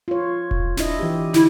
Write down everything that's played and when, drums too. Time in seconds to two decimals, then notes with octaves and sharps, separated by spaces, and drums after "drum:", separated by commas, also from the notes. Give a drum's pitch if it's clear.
0.08 F4 C#5
0.51 drum: kick E1
0.77 D4 E4 D#5, drum: snare
0.99 E3 G4
1.34 D3 E4, drum: snare